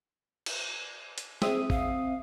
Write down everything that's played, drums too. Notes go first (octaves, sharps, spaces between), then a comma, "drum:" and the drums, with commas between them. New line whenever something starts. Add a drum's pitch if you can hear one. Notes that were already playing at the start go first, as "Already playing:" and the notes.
drum: cymbal
drum: hi-hat
C4 G#4 E5 D#6, drum: snare
F5, drum: kick A1